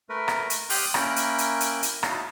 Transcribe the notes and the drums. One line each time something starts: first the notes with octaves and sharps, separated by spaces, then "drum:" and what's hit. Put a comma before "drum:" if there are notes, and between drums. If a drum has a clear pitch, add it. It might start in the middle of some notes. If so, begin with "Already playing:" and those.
A3 A#4 B4
drum: rim click
drum: hi-hat
G4 G5 C6 D#6 F6 F#6, drum: open hi-hat
A#3 C#4 E4 A#4 G5 F#6, drum: rim click
drum: hi-hat
drum: hi-hat
drum: hi-hat
drum: hi-hat
D#4 E4 F#4 C#5 F5 A5, drum: rim click